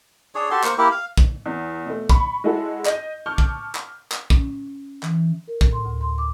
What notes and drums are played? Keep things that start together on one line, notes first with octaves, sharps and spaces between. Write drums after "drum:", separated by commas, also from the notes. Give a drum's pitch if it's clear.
D4 G#4 C#5
F#4 G4 A4 C6
A#3 C5 C#6, drum: clap
A#3 E4 G4
F5
drum: kick
E2
B2 A3
B5 C#6, drum: kick
G#3 E4 F#4 A4 C#5
D#5 G6, drum: clap
A5 C#6 D6 F6 G6
drum: kick
drum: clap
drum: clap
C#4, drum: kick
E3, drum: clap
A#4
A2, drum: kick
C6
D2
C6
D6